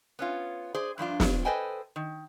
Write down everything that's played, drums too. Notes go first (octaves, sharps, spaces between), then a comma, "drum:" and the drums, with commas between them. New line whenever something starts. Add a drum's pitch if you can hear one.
B3 C#4 F4
G#4 C5 D5
G2 F3 D4 F4
drum: snare
A4 B4 C5 D#5 G5 G#5
D#3